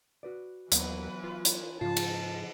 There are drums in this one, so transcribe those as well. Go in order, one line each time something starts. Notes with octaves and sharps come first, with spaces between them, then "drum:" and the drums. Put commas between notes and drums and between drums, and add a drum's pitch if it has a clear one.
F#4 B4 D5
D#2 E3 F#3 B3 B4, drum: hi-hat
F4
drum: hi-hat
G#2 C#3 F3 F4 A5
drum: cymbal